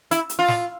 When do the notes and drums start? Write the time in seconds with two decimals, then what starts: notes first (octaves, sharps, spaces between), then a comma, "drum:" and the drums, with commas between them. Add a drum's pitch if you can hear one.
0.11 E4, drum: hi-hat
0.30 drum: hi-hat
0.39 F4
0.48 drum: snare